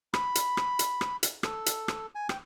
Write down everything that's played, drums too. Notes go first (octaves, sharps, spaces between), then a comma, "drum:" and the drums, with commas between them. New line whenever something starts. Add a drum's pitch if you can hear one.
B5, drum: rim click
drum: hi-hat
drum: rim click
drum: hi-hat
drum: rim click
drum: hi-hat
A4, drum: rim click
drum: hi-hat
drum: rim click
G#5
G5, drum: rim click